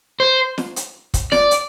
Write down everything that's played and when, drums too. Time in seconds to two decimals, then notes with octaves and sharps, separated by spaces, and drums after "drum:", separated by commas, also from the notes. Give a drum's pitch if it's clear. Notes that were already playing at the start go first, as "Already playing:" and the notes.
0.20 C5
0.58 drum: snare
0.76 drum: hi-hat
1.14 drum: kick, hi-hat
1.32 D5, drum: snare
1.51 drum: hi-hat